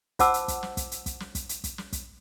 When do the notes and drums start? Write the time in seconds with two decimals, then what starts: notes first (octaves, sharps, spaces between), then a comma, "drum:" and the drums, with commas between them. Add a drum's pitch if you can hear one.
0.19 F4 C5 F#5 A5 D6 E6, drum: kick, hi-hat
0.34 drum: hi-hat
0.48 drum: kick, hi-hat
0.63 drum: snare
0.77 drum: kick, hi-hat
0.91 drum: hi-hat
1.06 drum: kick, hi-hat
1.20 drum: snare
1.35 drum: kick, hi-hat
1.49 drum: hi-hat
1.64 drum: kick, hi-hat
1.78 drum: snare
1.93 drum: kick, hi-hat